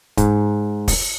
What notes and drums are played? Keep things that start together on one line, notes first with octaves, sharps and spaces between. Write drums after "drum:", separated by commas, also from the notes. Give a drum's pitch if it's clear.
G#2, drum: kick, hi-hat
drum: kick, open hi-hat